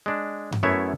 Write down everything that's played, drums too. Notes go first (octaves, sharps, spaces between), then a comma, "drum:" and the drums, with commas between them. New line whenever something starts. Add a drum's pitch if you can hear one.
G#3 D4
drum: tom G2
F#2 A3 B3 E4 C#5 E5